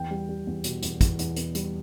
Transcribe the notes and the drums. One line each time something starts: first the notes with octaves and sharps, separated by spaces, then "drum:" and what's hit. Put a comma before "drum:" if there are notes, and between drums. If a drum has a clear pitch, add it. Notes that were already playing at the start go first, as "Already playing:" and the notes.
Already playing: E2 G5
G3
G3
E2
B2, drum: hi-hat
E2, drum: hi-hat
E2, drum: kick, hi-hat
E2, drum: hi-hat
B3, drum: hi-hat
G3, drum: hi-hat